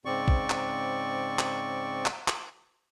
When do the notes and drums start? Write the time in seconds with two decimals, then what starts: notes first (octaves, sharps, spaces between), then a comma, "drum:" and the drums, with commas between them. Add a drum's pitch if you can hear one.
0.05 G#2 C#3 C4 D5 C#6
0.28 drum: kick A#1
0.50 drum: clap
1.39 drum: clap
2.06 drum: clap
2.28 drum: clap